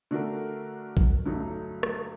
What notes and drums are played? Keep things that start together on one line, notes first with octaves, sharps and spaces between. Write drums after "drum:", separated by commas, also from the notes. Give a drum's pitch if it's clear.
D3 A3 D4 F#4 A#4
drum: kick
G2 D3 F#3 A3 D#4
drum: rim click